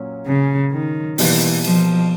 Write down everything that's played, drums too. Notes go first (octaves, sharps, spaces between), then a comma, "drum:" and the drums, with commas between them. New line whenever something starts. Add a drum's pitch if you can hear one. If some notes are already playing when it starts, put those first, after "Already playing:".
Already playing: A#2 F#3 A#3 C#4
C#3
D#3
B2 E3 G3 A#3, drum: open hi-hat
F3, drum: cymbal